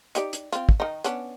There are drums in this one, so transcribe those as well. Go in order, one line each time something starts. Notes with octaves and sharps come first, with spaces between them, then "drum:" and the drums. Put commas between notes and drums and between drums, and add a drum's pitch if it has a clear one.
D#4 G4 D5, drum: hi-hat
drum: hi-hat
C4 F4, drum: hi-hat
drum: kick
D#3 D#4
B3 C#4 D4, drum: hi-hat